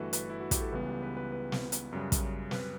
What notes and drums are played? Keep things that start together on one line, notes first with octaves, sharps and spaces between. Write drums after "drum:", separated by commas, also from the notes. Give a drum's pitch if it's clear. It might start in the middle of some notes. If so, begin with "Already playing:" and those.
Already playing: G1 G2 E3 A3 F#4 A4 B4
B4, drum: hi-hat
E4
F#4
G4, drum: kick, hi-hat
A4
C#2 C#3 E3 G3 B3 B4
G4
B4
B4
B4
drum: snare
drum: hi-hat
F#2 C#3 G3
drum: kick, hi-hat
B4, drum: snare